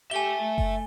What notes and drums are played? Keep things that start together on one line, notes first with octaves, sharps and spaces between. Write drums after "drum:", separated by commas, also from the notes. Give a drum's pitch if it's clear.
G4 E5 G#5 A5 G7
A3
drum: kick F#1